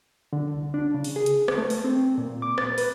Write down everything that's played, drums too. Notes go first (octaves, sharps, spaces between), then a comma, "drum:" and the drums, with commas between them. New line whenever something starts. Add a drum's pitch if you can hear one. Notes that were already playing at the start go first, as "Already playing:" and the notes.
D3
C2
D4
C#3
drum: open hi-hat
G#4
drum: hi-hat
drum: rim click
A3
drum: open hi-hat
C4
A#2
D6
A6, drum: rim click
B4, drum: open hi-hat